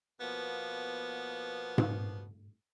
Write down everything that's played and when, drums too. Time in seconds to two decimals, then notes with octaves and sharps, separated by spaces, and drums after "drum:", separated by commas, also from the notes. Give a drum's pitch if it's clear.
0.21 B2 F3 A#3 B3
1.78 drum: tom G#2